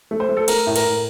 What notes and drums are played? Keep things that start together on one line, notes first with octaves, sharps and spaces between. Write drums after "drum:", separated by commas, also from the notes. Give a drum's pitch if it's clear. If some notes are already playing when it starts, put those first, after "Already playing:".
A3
C5
A3
A4
A3 A#4, drum: cymbal
A2
A#4, drum: cymbal
A2